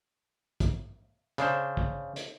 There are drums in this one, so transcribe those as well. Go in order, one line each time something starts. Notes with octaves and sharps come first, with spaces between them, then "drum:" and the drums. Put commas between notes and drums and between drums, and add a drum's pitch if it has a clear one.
drum: kick, hi-hat
C#3 D4 C5, drum: hi-hat
drum: kick
drum: hi-hat